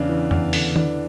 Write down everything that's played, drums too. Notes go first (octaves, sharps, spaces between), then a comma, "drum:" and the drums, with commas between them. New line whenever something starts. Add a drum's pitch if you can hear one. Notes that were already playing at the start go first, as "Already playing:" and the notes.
Already playing: E2 C#3 D4
E3
E2, drum: tom F2
D3, drum: open hi-hat
E3 D4, drum: tom D#3